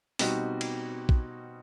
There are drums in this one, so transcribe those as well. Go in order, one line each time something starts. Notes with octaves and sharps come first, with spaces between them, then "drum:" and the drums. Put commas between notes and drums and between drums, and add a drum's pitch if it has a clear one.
B2 G3 C4 D#4 F#4, drum: open hi-hat
drum: cymbal
drum: kick A#1